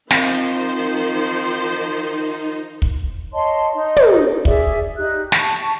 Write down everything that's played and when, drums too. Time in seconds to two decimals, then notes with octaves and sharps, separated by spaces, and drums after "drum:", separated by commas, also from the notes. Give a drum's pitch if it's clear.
0.11 D#3 F3 C4 D#4 C5 F5, drum: snare
2.82 drum: kick
3.33 C#5 D#5 A5 C6
3.74 D#4
3.97 drum: tom
4.45 G#4 D5 E5, drum: kick
4.97 D#4 G4 F#6
5.32 A5 C#6, drum: snare